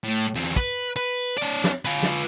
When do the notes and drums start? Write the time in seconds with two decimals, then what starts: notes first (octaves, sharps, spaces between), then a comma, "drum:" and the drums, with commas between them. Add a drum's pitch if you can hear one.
0.04 A2
0.35 E2 C4
0.56 B4, drum: kick
0.96 B4
1.38 C#4 D5
1.64 drum: snare
1.85 F4 B4
2.03 drum: snare